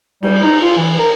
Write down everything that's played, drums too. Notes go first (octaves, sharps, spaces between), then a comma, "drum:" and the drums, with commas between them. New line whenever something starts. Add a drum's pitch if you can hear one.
G3, drum: cymbal
D#4
F4
E3
A#4